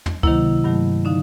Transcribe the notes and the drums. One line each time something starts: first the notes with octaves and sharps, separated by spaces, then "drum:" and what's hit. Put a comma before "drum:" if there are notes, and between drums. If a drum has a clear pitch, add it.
drum: tom
C3 D#3 F#3 A#3 E4, drum: kick C#2
G2 D#3 F#3 A3
D3 F3 D#4